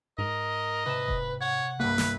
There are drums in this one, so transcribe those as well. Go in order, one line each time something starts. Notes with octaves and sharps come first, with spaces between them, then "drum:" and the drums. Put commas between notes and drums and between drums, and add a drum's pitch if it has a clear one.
G#2 A#4 D#5
C3 B4 E7
drum: kick E1
C#5 F#5
C2 G2 A#3 B4
drum: snare